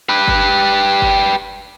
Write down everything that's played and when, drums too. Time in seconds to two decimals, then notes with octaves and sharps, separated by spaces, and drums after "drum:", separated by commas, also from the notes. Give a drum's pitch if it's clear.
0.09 G4 B4
0.28 drum: kick F#1
1.02 drum: kick F#1